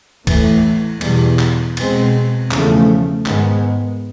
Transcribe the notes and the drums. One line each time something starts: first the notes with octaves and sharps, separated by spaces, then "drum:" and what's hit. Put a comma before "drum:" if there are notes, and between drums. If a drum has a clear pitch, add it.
A2 E3 A3, drum: kick, cymbal
E2 B2 G3, drum: cymbal
drum: clap
B2 G#3 C4, drum: cymbal
E2 C#3 F3 A3, drum: clap
G#2 D#3 G#3 B3, drum: clap